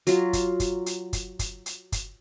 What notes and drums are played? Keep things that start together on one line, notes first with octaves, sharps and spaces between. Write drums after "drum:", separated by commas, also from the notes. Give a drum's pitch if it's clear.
F#3 F4, drum: hi-hat
drum: kick, hi-hat
drum: kick, hi-hat
drum: hi-hat
drum: kick, hi-hat
drum: kick, hi-hat
drum: hi-hat
drum: kick, hi-hat